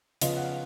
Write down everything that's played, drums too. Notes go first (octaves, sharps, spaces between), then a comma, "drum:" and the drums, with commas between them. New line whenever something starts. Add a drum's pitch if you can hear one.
C#3 F3 B3 F4 D#5, drum: hi-hat
F#5
F5